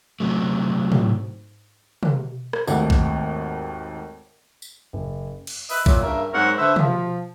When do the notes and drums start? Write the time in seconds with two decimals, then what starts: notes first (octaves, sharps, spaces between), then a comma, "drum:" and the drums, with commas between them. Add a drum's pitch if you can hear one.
0.20 C3 F#3 A3
0.92 drum: tom
2.03 drum: tom
2.53 drum: rim click
2.67 G#1 D#2 A3 F#5, drum: tambourine
2.90 drum: kick A#1
4.62 drum: tambourine
4.93 F#1
5.47 drum: cymbal
5.70 B4 D#5 E5, drum: open hi-hat
5.86 A#2 F#3 E5, drum: kick A#1
6.03 G2 C#3 A#4 E5
6.33 G#2 F#3 C4 A#4 C5 F#5
6.58 D3 B4 C5 E5
6.76 F3, drum: tom